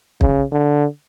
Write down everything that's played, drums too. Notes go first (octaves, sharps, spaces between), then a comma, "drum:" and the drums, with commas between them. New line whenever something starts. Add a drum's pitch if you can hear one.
C#3, drum: kick
D3